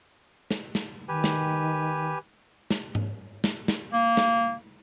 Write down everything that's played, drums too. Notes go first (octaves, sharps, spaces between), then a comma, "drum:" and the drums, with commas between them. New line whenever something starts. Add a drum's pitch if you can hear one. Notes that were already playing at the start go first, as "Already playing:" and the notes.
drum: snare
drum: snare
D#3 G4 B4 G#5
drum: snare
drum: snare
drum: tom G#2
drum: snare
drum: snare
A#3
drum: snare